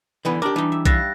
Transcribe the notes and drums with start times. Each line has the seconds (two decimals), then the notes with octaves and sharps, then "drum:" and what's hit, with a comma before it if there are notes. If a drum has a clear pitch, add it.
0.25 D3 E3 B3
0.42 D4 G4 A#4 D6
0.56 E3 G3 D#4
0.72 E5
0.85 G3 E5 F5 F#6 A6 A#6, drum: kick B1, hi-hat